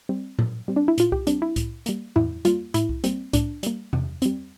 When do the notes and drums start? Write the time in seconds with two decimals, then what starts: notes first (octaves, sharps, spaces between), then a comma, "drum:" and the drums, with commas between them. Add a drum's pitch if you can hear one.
0.09 G3 C4
0.39 A#2, drum: tom A2
0.68 G3 C4
0.76 D4
0.88 E4
0.98 A#2 F4, drum: hi-hat
1.12 G4, drum: kick C2
1.27 G3 C4 D4, drum: hi-hat
1.42 E4
1.56 A2, drum: kick C2, hi-hat
1.86 G3 A#3, drum: hi-hat
2.16 A2 E4, drum: tom E2
2.45 G3 A#3 F4, drum: hi-hat
2.74 A2 E4, drum: hi-hat
2.89 drum: kick C2
3.04 G3 A#3 C4, drum: hi-hat
3.33 A2 D4, drum: kick C2, hi-hat
3.63 G3 A#3, drum: hi-hat
3.93 C3, drum: tom E2
4.22 G3 C4, drum: hi-hat